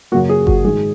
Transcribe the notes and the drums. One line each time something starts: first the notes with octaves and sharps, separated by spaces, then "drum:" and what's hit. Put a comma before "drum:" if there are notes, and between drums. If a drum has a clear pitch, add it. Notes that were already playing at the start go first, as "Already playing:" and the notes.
F#2 C#3 F#3 A#3 F#4
G#4
F#4, drum: kick G1
G#2 D#3 G#3 G#4